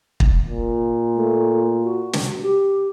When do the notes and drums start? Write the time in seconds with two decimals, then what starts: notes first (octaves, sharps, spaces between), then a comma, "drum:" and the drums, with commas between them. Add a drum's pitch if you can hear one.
0.20 drum: kick
0.46 A#2
1.15 A3
1.83 F#4
2.13 drum: snare
2.42 G4